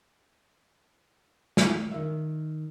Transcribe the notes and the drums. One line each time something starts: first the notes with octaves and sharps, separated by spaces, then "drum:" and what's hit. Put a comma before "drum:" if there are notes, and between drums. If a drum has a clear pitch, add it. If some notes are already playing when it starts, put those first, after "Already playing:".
drum: snare
D#3 E5